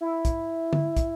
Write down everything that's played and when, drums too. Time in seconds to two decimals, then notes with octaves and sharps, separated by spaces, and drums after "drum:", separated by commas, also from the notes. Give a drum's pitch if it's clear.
0.01 E4
0.25 drum: kick, hi-hat
0.73 drum: tom D3
0.97 drum: kick, hi-hat